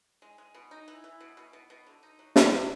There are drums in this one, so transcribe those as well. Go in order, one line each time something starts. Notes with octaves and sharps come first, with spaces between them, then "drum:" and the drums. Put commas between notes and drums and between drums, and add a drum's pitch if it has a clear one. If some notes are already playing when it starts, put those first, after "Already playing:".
G#3
G#3
B2
D#4
E3
E3
B2
B2
B2
B2
D3
D#4
F#3
F#3, drum: snare
E3